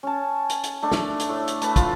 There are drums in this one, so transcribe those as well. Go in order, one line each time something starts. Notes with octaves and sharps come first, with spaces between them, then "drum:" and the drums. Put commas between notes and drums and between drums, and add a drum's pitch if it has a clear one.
C#4 A5
drum: hi-hat
drum: hi-hat
A3 D4
drum: snare
drum: hi-hat
A2
drum: hi-hat
A3 B4 A5, drum: hi-hat
F4, drum: kick, hi-hat